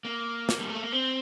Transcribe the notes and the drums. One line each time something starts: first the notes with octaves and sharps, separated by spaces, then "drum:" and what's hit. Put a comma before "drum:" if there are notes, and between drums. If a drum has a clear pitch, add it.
A#3
drum: snare
G3
A3
A#3
C4